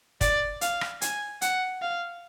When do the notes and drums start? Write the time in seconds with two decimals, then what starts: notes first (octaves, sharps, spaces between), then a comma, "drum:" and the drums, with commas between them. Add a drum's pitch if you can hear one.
0.21 D5, drum: kick, hi-hat
0.61 F5, drum: hi-hat
0.81 drum: rim click
1.02 G#5, drum: hi-hat
1.42 F#5, drum: hi-hat
1.82 F5